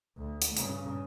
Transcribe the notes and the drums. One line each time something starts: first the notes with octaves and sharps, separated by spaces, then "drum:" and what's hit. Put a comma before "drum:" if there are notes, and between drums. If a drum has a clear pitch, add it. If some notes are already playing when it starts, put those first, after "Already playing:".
D2
drum: hi-hat
G2 C#3, drum: hi-hat